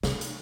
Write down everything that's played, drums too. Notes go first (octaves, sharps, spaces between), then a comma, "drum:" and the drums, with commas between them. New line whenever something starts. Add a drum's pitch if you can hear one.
C3, drum: snare
drum: hi-hat